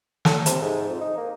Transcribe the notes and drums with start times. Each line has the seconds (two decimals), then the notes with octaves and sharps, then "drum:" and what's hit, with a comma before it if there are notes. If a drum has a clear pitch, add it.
0.25 A4, drum: snare
0.46 C3, drum: hi-hat
0.62 G#2
0.89 F2
1.01 D#4
1.17 A#3